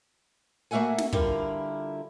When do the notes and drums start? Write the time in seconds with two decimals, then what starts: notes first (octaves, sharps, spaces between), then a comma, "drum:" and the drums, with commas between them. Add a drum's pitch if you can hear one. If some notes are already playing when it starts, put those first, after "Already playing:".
0.71 A3 A#3 F#4 E5 F#5 G#5
0.98 drum: snare
1.13 D3 G3 E4 F4 A#4, drum: kick